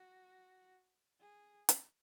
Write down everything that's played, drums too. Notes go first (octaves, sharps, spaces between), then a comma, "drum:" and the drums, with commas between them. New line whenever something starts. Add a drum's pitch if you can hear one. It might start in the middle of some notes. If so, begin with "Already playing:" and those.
Already playing: F#4
G#4
drum: hi-hat